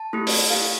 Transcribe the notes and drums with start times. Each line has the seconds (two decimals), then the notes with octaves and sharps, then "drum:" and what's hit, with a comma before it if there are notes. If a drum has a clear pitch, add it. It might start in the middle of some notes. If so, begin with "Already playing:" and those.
Already playing: A5
0.13 A3 E4 G4
0.27 drum: open hi-hat
0.50 A3 E4 G4 F5